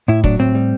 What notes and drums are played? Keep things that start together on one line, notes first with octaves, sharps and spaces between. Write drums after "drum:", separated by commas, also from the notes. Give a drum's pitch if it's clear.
A2 E4
F#3 D4, drum: kick
A2 C4
G3